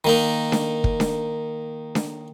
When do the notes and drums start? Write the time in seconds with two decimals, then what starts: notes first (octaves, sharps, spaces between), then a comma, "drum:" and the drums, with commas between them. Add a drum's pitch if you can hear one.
0.04 D#3 A#3 D#4
0.52 drum: snare D4
0.84 drum: kick
1.00 drum: snare D4
1.95 drum: snare D4